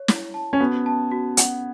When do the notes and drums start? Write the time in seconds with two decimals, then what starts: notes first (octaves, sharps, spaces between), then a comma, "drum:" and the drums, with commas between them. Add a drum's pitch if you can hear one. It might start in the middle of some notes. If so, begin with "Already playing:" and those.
Already playing: C#5
0.08 E4, drum: snare
0.34 A5
0.53 C#4
0.60 B3 F#4
0.86 A5
1.11 F#4
1.37 F#5, drum: hi-hat